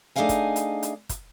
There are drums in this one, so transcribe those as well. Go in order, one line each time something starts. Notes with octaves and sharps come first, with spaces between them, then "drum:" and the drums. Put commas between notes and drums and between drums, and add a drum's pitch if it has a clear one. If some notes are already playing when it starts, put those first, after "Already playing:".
A3 D4 D#4 G#4 F5 G#5
drum: kick, hi-hat
drum: hi-hat
drum: hi-hat
drum: kick, hi-hat